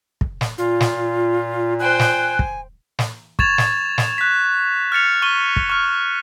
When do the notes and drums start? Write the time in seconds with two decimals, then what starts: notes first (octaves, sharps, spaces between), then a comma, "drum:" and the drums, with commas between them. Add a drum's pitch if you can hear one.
0.21 drum: kick
0.41 drum: snare
0.58 A#2 F4
0.80 drum: snare
1.80 C5 G5 G#5 F#6
1.99 drum: snare
2.39 drum: kick
2.99 drum: snare
3.39 C#6 G#6 A6 E7 F7, drum: kick
3.58 drum: snare
3.98 drum: snare
4.18 F#6 B6
4.92 F6 A6 C#7 F7
5.22 C#6 D#7 G7
5.56 drum: kick
5.69 C#6 F6